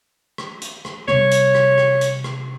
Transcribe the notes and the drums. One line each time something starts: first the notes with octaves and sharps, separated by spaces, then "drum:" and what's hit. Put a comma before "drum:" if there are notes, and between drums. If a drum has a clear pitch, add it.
drum: rim click
drum: hi-hat
drum: rim click
C3 G3 B3 C#5, drum: rim click
drum: hi-hat
drum: rim click
drum: rim click
drum: hi-hat
drum: rim click